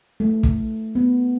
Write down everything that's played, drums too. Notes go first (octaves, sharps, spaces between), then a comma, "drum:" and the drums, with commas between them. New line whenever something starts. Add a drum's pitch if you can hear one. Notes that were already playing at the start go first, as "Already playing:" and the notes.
A3
drum: kick
B3